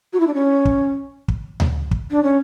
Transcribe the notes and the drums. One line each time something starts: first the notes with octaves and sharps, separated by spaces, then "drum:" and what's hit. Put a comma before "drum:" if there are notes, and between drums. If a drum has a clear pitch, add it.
F#4
E4
D4
C#4
drum: kick
drum: kick
drum: tom D2
drum: kick
D4
C#4